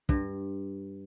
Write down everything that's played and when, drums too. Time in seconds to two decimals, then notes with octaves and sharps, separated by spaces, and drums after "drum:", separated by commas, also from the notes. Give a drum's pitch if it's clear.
0.09 G2, drum: kick